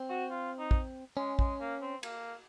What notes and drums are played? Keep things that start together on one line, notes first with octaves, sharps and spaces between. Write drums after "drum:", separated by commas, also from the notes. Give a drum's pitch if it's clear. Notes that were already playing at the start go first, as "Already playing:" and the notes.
Already playing: C4
F#4
F4
D#4
drum: kick
G#3 C#4
G#3, drum: kick
A#3
C4
A#3, drum: cymbal